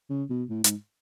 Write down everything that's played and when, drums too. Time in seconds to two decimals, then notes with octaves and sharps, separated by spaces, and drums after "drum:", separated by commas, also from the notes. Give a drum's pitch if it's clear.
0.10 C#3
0.30 B2
0.49 A2
0.64 G#2, drum: hi-hat